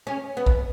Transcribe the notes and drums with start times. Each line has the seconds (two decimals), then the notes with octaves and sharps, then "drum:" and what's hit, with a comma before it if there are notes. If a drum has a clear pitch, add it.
0.07 C#4
0.37 B3
0.46 drum: kick B1